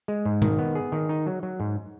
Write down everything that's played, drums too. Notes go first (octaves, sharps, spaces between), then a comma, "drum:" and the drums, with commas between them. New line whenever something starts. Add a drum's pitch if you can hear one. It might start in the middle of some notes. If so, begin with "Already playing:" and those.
G#3
G#2
D#3, drum: tom B2
B3
G#4
D#3
D#4
F#3
F#3
G#2